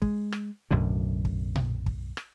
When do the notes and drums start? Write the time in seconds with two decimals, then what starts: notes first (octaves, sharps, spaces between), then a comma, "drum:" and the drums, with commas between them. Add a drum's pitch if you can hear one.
0.02 G#3, drum: kick
0.32 drum: rim click
0.71 B1 F#2 A2 D3
1.25 drum: kick
1.55 drum: tom A#2
1.86 drum: kick
2.17 drum: rim click